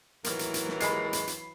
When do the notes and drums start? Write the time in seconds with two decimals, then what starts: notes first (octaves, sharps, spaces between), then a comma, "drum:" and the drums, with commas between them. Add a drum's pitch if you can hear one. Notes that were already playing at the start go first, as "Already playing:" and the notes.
0.24 D#2 A2 E3 F#3 A#4, drum: hi-hat
0.39 drum: hi-hat
0.54 drum: hi-hat
0.69 drum: snare
0.80 G#3 B5 C7, drum: hi-hat
1.13 drum: hi-hat
1.27 drum: hi-hat